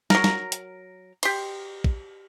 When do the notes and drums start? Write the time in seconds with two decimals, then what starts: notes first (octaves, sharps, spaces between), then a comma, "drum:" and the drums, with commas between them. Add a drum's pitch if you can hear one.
0.10 F#3 A#4, drum: snare
0.24 drum: snare
0.52 drum: hi-hat
1.23 G4 C6, drum: cymbal
1.84 drum: kick